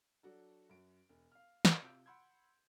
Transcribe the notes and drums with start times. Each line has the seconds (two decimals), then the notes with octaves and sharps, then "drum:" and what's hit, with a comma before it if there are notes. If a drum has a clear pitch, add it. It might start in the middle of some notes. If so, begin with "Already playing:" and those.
0.23 F#3 D4 F#4 A4
0.69 F#2 F#4 D7
1.09 E1
1.32 F5 F6
1.65 drum: snare
1.81 C3 F4 E6 G6 D7
2.06 F#5 B5 C6 E6 G6 G#6